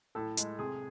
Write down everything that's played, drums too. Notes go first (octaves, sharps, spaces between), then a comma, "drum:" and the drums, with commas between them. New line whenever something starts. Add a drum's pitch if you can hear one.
A2 A4
G#3, drum: hi-hat
C3 G#4